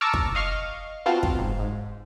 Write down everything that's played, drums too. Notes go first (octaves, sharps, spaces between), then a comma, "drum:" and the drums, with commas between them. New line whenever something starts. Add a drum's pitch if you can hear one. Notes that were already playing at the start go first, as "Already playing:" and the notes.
A5 A#5 C#6 D6 E6 F6
drum: kick
D#5 F5 C#6 F6
B3 C4 F4 F#4 F5 A5
drum: kick
G#2
G#2